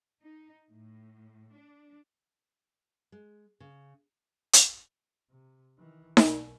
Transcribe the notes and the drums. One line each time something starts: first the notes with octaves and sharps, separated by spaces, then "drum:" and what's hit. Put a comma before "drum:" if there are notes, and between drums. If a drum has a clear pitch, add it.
D#4
A2
D4
G#3
C#3
drum: hi-hat
C3
D#3 E3
B1 B2, drum: snare D#4